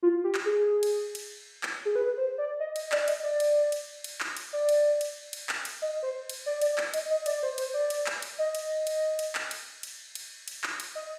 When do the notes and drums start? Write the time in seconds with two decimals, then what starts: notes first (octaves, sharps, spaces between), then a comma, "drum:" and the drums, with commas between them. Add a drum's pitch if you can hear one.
0.03 F4
0.24 G4
0.35 drum: clap
0.46 G#4
0.83 drum: cymbal
1.15 drum: cymbal
1.63 drum: clap
1.85 G#4
1.96 B4
2.17 C5
2.38 D5
2.60 D#5
2.76 D#5, drum: cymbal
2.92 D5, drum: clap
3.08 D#5, drum: cymbal
3.23 D5
3.40 drum: cymbal
3.72 drum: cymbal
4.04 drum: cymbal
4.20 drum: clap
4.37 drum: cymbal
4.53 D5
4.69 drum: cymbal
5.01 drum: cymbal
5.33 drum: cymbal
5.49 drum: clap
5.65 drum: cymbal
5.82 D#5
6.03 C5
6.29 drum: cymbal
6.46 D5
6.61 D5, drum: cymbal
6.78 drum: clap
6.94 D#5, drum: cymbal
7.10 D#5
7.26 D5, drum: cymbal
7.43 C5
7.58 C5, drum: cymbal
7.74 D5
7.90 drum: cymbal
8.06 drum: clap
8.22 drum: cymbal
8.38 D#5
8.55 drum: cymbal
8.87 drum: cymbal
9.19 drum: cymbal
9.35 drum: clap
9.51 drum: cymbal
9.83 drum: cymbal
10.15 drum: cymbal
10.48 drum: cymbal
10.64 drum: clap
10.80 drum: cymbal
10.95 D#5